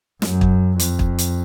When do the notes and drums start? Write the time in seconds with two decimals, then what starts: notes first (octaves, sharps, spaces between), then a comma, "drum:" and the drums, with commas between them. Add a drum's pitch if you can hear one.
0.22 F#2, drum: snare
0.41 drum: kick
0.79 F2, drum: hi-hat
0.99 drum: kick
1.18 drum: hi-hat